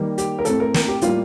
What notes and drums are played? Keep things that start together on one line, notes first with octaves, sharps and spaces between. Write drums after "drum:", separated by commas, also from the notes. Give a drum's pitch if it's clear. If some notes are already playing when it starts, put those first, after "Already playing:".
Already playing: D#3 G3 A#3
G4, drum: hi-hat
A#4
A2 A3 C4 A4, drum: hi-hat
A#4
A#4, drum: snare
G4
A2 G3 A#3 F4, drum: hi-hat